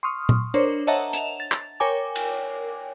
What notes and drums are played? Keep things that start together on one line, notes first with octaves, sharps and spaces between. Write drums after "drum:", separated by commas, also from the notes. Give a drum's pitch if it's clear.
C6 C#6 D#6 F6
drum: tom A#2
D4 A#4 C5 C#5
C#5 D#5 E5 F#5 A5 A#5
E7 F7, drum: hi-hat
A6
drum: clap
A#4 C#5 G5 G#5 D6
drum: cymbal